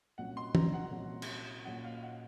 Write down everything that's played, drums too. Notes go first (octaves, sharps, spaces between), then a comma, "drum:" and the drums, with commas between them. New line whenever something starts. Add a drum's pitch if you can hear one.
C2 A#2 F#3 C#4 F#5
C6
A#5, drum: tom
F#5
C2 A#2 F#3 C#4
drum: cymbal
A#2 F#3 C#4 F#5
F5
F5
F#5